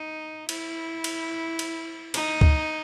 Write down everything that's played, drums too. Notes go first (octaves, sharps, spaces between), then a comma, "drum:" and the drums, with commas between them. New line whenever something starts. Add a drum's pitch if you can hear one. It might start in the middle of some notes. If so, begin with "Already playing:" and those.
Already playing: D#4
E4, drum: cymbal
drum: cymbal
drum: cymbal
D#4, drum: cymbal
drum: kick